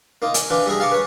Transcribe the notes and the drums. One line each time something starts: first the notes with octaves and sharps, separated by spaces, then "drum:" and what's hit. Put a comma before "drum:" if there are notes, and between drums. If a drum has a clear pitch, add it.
A#3 D#4 F4
G#5, drum: hi-hat
E3 D4 F4
G3 E4 G#4 A#5
F5 A5 A#5 C#6 D6
B4 C#5